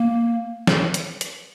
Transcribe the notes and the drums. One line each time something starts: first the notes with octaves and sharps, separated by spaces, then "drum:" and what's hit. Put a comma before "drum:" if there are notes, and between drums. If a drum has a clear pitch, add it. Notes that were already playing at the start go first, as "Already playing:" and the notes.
Already playing: A#3
drum: snare
drum: hi-hat
drum: hi-hat